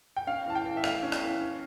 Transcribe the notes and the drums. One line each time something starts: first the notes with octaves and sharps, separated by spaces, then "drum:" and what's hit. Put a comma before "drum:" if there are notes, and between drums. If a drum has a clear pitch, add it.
G5
C#4 F5
E3 A5
G5
E3
E5
A3 F5, drum: rim click
C#4
drum: rim click
E3
C#4